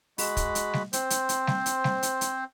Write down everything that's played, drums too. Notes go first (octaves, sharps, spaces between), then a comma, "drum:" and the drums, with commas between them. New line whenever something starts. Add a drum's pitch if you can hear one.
G#3 F#4 B5, drum: open hi-hat
drum: kick, hi-hat
drum: hi-hat
drum: snare G3
C4 C5, drum: hi-hat
drum: hi-hat
drum: hi-hat
drum: snare G3
drum: hi-hat
drum: snare G3
drum: hi-hat
drum: hi-hat